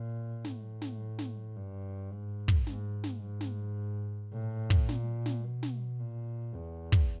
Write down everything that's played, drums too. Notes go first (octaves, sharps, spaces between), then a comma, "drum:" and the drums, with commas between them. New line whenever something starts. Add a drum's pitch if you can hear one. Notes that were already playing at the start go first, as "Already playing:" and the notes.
Already playing: A#2
A2, drum: snare
drum: snare
drum: snare
G2
G#2
drum: kick
G#2, drum: snare
drum: snare
G#2
drum: snare
A2
drum: kick
A#2, drum: snare
drum: snare
B2
drum: snare
A#2
E2
drum: kick